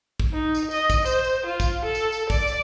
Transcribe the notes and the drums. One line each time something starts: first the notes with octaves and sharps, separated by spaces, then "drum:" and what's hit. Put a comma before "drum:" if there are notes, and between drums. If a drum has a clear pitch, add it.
drum: kick
D#4
drum: tambourine
D#5, drum: tambourine
drum: kick, tambourine
C5, drum: tambourine
drum: tambourine
F4
drum: kick, tambourine
A4
drum: tambourine
drum: tambourine
D5, drum: kick, tambourine
drum: tambourine